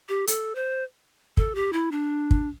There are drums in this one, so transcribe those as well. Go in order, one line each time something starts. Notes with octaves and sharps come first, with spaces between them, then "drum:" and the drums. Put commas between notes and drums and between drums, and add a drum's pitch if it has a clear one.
G4
A4, drum: hi-hat
C5
A4, drum: kick
G4
E4
D4
drum: kick